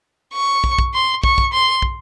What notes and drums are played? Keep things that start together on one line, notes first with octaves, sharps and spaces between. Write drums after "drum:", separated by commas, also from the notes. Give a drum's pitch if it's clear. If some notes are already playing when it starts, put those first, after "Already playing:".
C#6
drum: kick
drum: kick
C6
C#6, drum: kick
drum: kick
C6
drum: kick